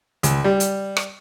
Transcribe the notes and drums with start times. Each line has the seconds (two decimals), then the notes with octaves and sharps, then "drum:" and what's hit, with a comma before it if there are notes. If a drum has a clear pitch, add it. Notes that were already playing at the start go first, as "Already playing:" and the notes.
0.23 C#2, drum: hi-hat
0.44 G3
0.60 drum: hi-hat
0.97 drum: rim click